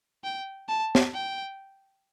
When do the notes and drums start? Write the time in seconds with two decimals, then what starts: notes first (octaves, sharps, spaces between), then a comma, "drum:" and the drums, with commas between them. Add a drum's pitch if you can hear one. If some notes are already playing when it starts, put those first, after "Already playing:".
0.24 G5
0.68 A5
0.95 drum: snare
1.14 G5